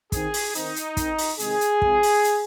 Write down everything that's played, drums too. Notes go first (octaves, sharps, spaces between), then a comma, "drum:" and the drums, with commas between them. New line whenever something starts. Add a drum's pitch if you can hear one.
D#3 C4 G#4, drum: kick, hi-hat
drum: open hi-hat
D#3 C4 D#4, drum: hi-hat
drum: hi-hat
D#3 C4, drum: kick, hi-hat
drum: open hi-hat
C3 D#3 G#3 C4 G#4, drum: hi-hat
drum: hi-hat
C3 F3 G#3 C4, drum: kick
drum: open hi-hat
drum: hi-hat